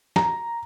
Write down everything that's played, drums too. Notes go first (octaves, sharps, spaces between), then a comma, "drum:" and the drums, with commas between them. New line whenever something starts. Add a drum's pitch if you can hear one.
A#5, drum: snare